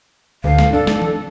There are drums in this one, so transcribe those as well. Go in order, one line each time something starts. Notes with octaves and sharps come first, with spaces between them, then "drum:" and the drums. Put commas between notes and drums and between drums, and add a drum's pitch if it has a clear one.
D2 F5
drum: snare
D4 A4
drum: snare
drum: tom